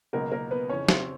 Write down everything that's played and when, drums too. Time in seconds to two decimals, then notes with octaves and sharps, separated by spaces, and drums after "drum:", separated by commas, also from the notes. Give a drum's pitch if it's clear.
0.13 C#2 B2 F#3 A#3 A#4
0.32 A#3 A#4
0.51 B3 B4
0.70 F2 C#3 E3 C#4 C#5
0.89 C4 C5, drum: snare